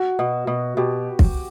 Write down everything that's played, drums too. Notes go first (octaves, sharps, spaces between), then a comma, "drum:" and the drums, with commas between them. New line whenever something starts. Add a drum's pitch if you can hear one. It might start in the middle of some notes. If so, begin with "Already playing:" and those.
Already playing: F#4
B2
B2
B2 G4
drum: kick